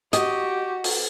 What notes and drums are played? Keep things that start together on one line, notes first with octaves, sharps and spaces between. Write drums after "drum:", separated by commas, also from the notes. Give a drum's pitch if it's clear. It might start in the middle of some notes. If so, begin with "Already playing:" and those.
F#4 G4 D#5, drum: hi-hat
drum: open hi-hat